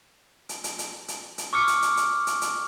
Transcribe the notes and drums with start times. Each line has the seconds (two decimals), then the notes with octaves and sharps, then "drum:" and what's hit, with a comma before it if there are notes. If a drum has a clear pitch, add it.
0.49 drum: hi-hat
0.64 drum: hi-hat
0.79 drum: hi-hat
1.08 drum: hi-hat
1.38 drum: hi-hat
1.53 C#6 D6 E6 F6 C#7
1.68 drum: hi-hat
1.82 drum: hi-hat
1.97 drum: hi-hat
2.27 drum: hi-hat
2.42 drum: hi-hat